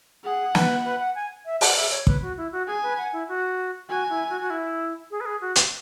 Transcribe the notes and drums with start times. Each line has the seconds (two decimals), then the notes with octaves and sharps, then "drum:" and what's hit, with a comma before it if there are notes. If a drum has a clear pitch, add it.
0.24 G#4 F#5
0.55 B4, drum: snare
0.85 B4
1.00 F#5
1.15 G#5
1.46 E5
1.61 F#5, drum: open hi-hat
1.76 E5
1.91 C#5
2.07 B4, drum: kick
2.22 F#4
2.37 E4
2.52 F#4
2.67 G#4 G#5
2.83 B4
2.98 F#5
3.13 E4
3.28 F#4
3.89 F#4 G#5
4.09 E4
4.29 F#4
4.41 F#4
4.50 E4
5.11 G#4
5.20 B4
5.26 G#4
5.41 F#4
5.56 drum: hi-hat